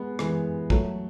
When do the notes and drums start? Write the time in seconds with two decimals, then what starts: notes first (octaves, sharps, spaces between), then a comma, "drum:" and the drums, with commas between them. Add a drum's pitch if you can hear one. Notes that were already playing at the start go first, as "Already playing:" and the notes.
Already playing: G#3 B3
0.19 E3 G#3, drum: rim click
0.70 F#3 A3, drum: kick